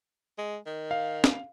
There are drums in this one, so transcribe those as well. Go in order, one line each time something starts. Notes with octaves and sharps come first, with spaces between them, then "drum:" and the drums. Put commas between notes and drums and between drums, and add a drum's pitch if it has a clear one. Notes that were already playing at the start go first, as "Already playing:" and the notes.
G#3
D#3
F5
drum: snare